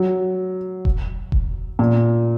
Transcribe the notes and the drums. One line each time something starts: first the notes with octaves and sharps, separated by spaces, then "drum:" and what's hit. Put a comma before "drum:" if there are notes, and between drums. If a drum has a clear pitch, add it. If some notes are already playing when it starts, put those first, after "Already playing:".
Already playing: F#3
drum: kick E1
drum: kick E1
A#2